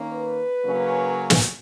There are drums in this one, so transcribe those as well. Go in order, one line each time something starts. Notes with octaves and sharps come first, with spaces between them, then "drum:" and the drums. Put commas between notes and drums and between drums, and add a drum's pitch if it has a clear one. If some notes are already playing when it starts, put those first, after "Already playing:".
Already playing: D#3 A#3 C#4
B4
C#3 F#3 A#3 C#4
drum: snare